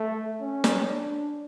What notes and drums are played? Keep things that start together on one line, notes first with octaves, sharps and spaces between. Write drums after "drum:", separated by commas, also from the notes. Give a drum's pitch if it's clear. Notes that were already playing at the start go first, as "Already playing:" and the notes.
Already playing: A3
C#4
drum: snare
D4